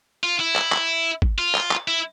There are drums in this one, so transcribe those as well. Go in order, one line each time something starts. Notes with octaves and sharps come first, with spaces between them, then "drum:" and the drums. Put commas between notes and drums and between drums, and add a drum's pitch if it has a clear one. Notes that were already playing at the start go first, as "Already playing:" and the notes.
F4
E4
drum: clap
drum: clap
drum: kick
F4
drum: clap
drum: clap
E4